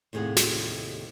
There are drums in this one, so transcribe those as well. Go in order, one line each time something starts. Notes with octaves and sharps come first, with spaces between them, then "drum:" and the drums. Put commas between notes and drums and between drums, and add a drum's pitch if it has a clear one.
D#2 A2 C3 G#4 F5 F#5
drum: snare